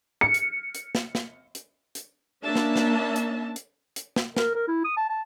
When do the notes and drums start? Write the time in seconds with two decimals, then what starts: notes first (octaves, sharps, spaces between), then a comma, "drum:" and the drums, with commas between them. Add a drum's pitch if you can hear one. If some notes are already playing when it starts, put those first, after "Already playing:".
0.21 C#7
0.34 drum: hi-hat
0.75 drum: hi-hat
0.95 drum: snare
1.15 drum: snare
1.55 drum: hi-hat
1.95 drum: hi-hat
2.44 A#3 C#4 D4 E5 A5
2.56 drum: snare
2.76 drum: snare
3.16 drum: hi-hat
3.56 drum: hi-hat
3.96 drum: hi-hat
4.16 drum: snare
4.37 A#4, drum: snare
4.55 A#4
4.68 E4
4.84 D#6
4.97 A5
5.09 A5